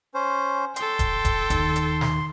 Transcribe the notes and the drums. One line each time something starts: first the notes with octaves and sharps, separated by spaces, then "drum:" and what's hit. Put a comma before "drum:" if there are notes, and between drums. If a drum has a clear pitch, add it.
C#4 C5
A4 G5 C6, drum: hi-hat
drum: kick D#1, hi-hat
drum: kick D#1, hi-hat
D#2 D#3, drum: kick D#1, hi-hat
drum: hi-hat
drum: snare